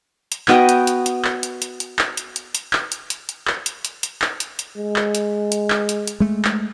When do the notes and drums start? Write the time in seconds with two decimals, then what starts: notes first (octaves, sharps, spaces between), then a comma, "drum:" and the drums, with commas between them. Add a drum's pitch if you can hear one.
0.32 drum: hi-hat
0.48 B3 F#4 D#5 G5, drum: clap
0.69 drum: hi-hat
0.87 drum: hi-hat
1.06 drum: hi-hat
1.25 drum: clap
1.43 drum: hi-hat
1.62 drum: hi-hat
1.80 drum: hi-hat
1.99 drum: clap
2.17 drum: hi-hat
2.36 drum: hi-hat
2.55 drum: hi-hat
2.73 drum: clap
2.92 drum: hi-hat
3.10 drum: hi-hat
3.29 drum: hi-hat
3.47 drum: clap
3.66 drum: hi-hat
3.85 drum: hi-hat
4.03 drum: hi-hat
4.22 drum: clap
4.40 drum: hi-hat
4.59 drum: hi-hat
4.77 G#3
4.96 drum: clap
5.15 drum: hi-hat
5.52 drum: hi-hat
5.70 drum: clap
5.89 drum: hi-hat
6.07 drum: hi-hat
6.20 G#3 A3
6.45 drum: clap